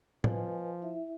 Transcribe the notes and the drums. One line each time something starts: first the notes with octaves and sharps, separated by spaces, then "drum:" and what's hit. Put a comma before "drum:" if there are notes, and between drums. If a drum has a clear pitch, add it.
F3 B4 D#5 G#5, drum: tom A2
E4 E5